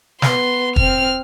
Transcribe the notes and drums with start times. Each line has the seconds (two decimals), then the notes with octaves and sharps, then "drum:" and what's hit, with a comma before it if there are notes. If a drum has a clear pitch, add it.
0.22 B3 C6, drum: snare
0.76 C4 F6, drum: kick